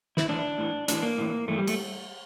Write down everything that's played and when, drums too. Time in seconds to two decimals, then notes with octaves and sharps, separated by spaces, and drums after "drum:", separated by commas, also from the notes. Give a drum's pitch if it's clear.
0.17 E4, drum: snare
0.28 A2 E3 D4
0.58 A2 E3
0.88 A2 E3 D4, drum: hi-hat
1.03 A#3
1.18 A2 E3
1.48 G2 E3 A3
1.58 G3
1.67 A3, drum: cymbal